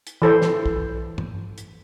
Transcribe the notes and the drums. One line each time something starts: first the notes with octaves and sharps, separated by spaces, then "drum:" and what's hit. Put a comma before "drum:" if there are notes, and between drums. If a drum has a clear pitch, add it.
drum: hi-hat
E3 A4 C5
drum: snare
drum: kick
drum: tom
drum: hi-hat